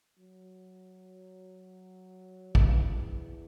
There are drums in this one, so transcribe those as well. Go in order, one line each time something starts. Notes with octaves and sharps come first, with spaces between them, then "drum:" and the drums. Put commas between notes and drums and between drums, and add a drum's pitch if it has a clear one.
F#3
E2, drum: kick